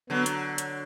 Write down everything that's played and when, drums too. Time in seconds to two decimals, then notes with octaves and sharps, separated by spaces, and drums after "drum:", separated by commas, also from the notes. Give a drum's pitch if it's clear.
0.10 D3 F#3 B3
0.26 drum: hi-hat
0.58 drum: hi-hat